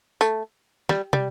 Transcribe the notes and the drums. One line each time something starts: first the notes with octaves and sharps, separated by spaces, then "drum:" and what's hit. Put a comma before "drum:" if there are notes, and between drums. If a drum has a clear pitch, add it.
A3, drum: tambourine
G3, drum: snare
G3, drum: tom